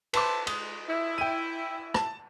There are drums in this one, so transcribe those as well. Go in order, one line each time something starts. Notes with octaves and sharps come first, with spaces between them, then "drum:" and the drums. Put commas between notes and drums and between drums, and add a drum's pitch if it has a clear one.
B4 C5 E5 A5 C6 D6, drum: cymbal
G#3 D#6, drum: cymbal
E4
G5 D#7
A5, drum: rim click